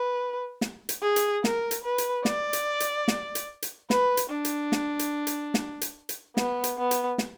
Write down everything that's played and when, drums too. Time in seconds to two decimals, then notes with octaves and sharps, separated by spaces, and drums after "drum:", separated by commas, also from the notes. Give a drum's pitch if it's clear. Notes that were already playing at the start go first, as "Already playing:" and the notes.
Already playing: B4
0.61 drum: snare
0.89 drum: hi-hat
1.02 G#4
1.16 drum: hi-hat
1.44 A#4, drum: snare
1.71 drum: hi-hat
1.84 B4
1.98 drum: hi-hat
2.25 D5, drum: snare
2.53 drum: hi-hat
2.80 drum: hi-hat
3.08 drum: snare
3.35 drum: hi-hat
3.62 drum: hi-hat
3.90 B4, drum: snare
4.17 drum: hi-hat
4.30 D4
4.45 drum: hi-hat
4.72 drum: snare
4.99 drum: hi-hat
5.27 drum: hi-hat
5.54 drum: snare
5.81 drum: hi-hat
6.09 drum: hi-hat
6.37 B3, drum: snare
6.64 drum: hi-hat
6.78 B3
6.91 drum: hi-hat
7.18 drum: snare